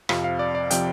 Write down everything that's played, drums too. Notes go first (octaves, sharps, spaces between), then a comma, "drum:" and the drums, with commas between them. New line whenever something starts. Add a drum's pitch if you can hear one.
F2 C3 F3 F5, drum: rim click
F5
D5
D5
C3 F3 G5, drum: hi-hat